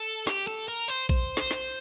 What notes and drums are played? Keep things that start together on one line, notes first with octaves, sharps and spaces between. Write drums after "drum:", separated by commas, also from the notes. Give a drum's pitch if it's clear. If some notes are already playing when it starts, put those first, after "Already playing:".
Already playing: A4
G4, drum: snare
A4
A#4
C5
C5, drum: kick A#1
drum: snare
drum: snare